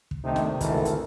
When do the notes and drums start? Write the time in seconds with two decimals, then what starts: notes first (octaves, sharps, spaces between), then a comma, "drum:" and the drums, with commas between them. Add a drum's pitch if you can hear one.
0.11 drum: kick
0.25 C3 D#3 A3 D4 D#4
0.36 drum: snare
0.61 G#1 D2 E3 A4 A#4, drum: kick, hi-hat
0.85 drum: hi-hat